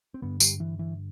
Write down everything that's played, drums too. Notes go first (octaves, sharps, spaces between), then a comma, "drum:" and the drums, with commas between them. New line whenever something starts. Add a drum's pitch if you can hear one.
C4
G2 D3 B3
G3, drum: tambourine
E3
E3